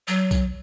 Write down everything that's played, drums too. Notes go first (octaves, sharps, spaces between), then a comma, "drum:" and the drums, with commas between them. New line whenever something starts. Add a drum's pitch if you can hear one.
F#3, drum: tambourine
drum: kick B1, tambourine